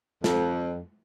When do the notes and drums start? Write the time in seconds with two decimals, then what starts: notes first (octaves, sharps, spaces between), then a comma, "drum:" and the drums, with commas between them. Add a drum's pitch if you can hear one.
0.24 F2, drum: snare